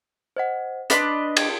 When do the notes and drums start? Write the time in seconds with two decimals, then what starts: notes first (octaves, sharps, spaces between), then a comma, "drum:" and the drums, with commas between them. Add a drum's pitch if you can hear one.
0.37 C5 D#5 F#5
0.90 D4 B4 D#5 C6 F#6 A6, drum: hi-hat
1.37 G#6, drum: cymbal